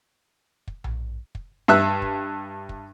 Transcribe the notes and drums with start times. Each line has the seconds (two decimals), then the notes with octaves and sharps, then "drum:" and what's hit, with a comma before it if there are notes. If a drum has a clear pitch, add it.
0.68 drum: kick
0.84 drum: tom A#1
1.35 drum: kick
1.68 G2 E5 F#6
2.02 drum: kick
2.69 drum: kick